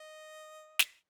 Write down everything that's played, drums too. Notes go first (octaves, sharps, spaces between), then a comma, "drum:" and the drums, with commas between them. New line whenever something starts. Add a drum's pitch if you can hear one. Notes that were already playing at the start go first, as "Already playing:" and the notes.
Already playing: D#5
drum: snare